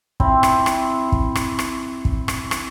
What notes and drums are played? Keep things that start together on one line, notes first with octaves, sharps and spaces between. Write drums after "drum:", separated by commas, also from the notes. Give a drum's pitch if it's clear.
C4 E4, drum: kick
drum: rim click
drum: rim click
drum: kick
drum: rim click
drum: rim click
drum: kick
drum: rim click
drum: rim click